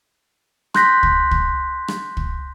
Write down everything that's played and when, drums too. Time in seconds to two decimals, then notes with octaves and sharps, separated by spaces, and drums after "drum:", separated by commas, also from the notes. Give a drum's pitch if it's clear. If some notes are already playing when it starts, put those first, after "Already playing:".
0.74 C6 F#6 G6 A#6 B6, drum: rim click
1.03 drum: kick
1.31 drum: kick
1.88 drum: rim click
2.17 drum: kick